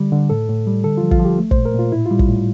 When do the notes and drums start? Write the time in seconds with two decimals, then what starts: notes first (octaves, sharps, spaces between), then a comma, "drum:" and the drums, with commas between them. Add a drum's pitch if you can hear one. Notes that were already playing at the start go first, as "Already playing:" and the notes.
Already playing: D3 G3
0.12 D3
0.30 A2 A4
0.49 A2
0.67 G3
0.84 D3 A4
0.97 F3 F4
1.11 F4, drum: kick
1.20 F3
1.25 G4
1.38 A3
1.51 C5, drum: kick
1.56 A#2
1.65 A#4
1.74 A#2 F4
1.92 A2 E4
2.06 G3 F4
2.19 drum: kick
2.29 A2